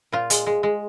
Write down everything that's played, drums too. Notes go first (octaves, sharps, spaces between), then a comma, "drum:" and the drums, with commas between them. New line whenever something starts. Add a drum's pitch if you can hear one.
A#2 F4
G#3, drum: hi-hat
G#3
G#3